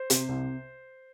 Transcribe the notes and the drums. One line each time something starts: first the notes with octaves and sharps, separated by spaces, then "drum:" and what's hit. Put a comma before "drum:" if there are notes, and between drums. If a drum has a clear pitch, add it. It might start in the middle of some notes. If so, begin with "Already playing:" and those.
Already playing: C5
C3, drum: hi-hat
C2